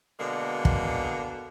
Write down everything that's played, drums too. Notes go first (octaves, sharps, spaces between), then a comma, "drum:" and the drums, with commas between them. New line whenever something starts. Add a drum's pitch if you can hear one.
B2 D3 G#3 A#3
drum: kick